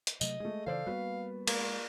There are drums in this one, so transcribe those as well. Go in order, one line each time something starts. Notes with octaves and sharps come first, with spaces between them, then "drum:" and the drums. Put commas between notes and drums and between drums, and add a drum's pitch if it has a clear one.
drum: hi-hat
C3 F#3 A3 D#5, drum: tambourine
G#3 A3 G#4
C#3 E3 A4 C5 D5 F5
G3 A#3 B3 F#4 B4
G#3 A#3, drum: cymbal